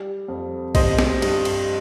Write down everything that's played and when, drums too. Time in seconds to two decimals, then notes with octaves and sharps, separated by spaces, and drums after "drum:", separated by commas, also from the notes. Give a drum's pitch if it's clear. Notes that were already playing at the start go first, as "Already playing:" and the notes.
Already playing: G3
0.28 F2
0.75 G3 C5 D#5, drum: kick, cymbal
0.99 drum: snare
1.22 G2, drum: cymbal
1.45 drum: cymbal